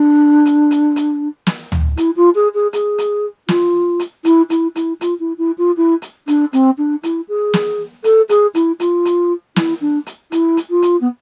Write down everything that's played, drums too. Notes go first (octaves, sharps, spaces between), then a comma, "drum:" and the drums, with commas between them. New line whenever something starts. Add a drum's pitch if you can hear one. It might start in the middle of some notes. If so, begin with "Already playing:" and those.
Already playing: D4
drum: hi-hat
drum: hi-hat
drum: hi-hat
drum: snare
drum: tom
E4, drum: hi-hat
F4
G#4
G#4
G#4, drum: hi-hat
drum: hi-hat
F4, drum: snare
drum: hi-hat
E4, drum: hi-hat
E4, drum: hi-hat
E4, drum: hi-hat
F4, drum: hi-hat
E4
E4
F4
E4
drum: hi-hat
D4, drum: hi-hat
C4, drum: hi-hat
D4
E4, drum: hi-hat
G#4
drum: snare
A4, drum: hi-hat
G#4, drum: hi-hat
E4, drum: hi-hat
F4, drum: hi-hat
drum: hi-hat
E4, drum: snare
D4
drum: hi-hat
E4, drum: hi-hat
drum: hi-hat
F4
drum: hi-hat
B3